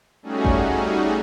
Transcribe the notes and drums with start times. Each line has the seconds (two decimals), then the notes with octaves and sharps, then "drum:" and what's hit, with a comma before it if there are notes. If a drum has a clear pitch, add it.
0.22 G3 A3 C#4 D#4 F#4 G#4
0.45 drum: kick G#1